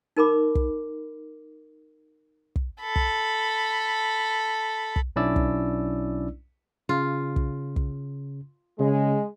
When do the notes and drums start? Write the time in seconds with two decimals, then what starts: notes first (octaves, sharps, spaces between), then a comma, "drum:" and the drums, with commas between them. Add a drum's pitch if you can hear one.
0.17 D#4 A#4 B5 D6
0.55 drum: kick
2.56 drum: kick
2.82 A4 B5
2.96 drum: kick
4.96 drum: kick
5.16 B1 C#4 D4 E4 D5 E6
5.36 drum: kick
6.89 C#3 F4
7.36 drum: kick
7.76 drum: kick
8.79 C#3 G#3